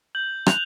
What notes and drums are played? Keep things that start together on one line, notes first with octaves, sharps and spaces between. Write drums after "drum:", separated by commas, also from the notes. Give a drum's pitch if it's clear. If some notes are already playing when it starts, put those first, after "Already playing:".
G6 F#7
F#6 F7, drum: rim click